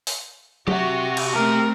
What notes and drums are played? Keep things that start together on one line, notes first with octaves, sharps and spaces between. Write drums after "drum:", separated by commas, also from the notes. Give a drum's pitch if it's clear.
drum: open hi-hat
F#4 G4 E5, drum: tom F#3
drum: cymbal
A3 C4 A#4